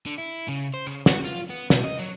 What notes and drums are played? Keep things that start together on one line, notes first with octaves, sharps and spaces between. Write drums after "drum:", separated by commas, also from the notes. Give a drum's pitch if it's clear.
D3
E4
C#3
C5
C#3
F#4, drum: snare
F4
B3
B2, drum: snare
D#5
F#3